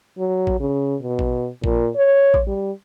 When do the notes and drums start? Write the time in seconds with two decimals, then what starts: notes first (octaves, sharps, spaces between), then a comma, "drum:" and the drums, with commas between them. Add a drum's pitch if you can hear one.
0.18 F#3
0.47 drum: kick A1
0.60 C#3
1.02 B2
1.19 drum: kick A1
1.64 A#2, drum: kick A1
1.96 C#5
2.34 drum: kick A1
2.47 G3